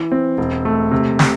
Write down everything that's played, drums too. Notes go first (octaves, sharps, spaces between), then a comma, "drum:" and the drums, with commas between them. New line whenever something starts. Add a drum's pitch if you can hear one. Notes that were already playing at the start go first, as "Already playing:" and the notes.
Already playing: E3
C4
E1
A3
C3
C3, drum: snare